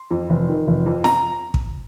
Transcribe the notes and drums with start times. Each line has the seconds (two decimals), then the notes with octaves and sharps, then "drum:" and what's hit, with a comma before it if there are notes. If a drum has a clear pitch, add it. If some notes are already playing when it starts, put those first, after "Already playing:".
Already playing: C6
0.11 F2
0.30 F1
0.48 D#3
0.68 F1
0.86 F2
1.04 A#5, drum: snare
1.54 drum: kick